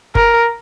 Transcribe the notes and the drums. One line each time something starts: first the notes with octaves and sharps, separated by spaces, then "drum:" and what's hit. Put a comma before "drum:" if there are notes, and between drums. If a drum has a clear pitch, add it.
A#4, drum: kick G1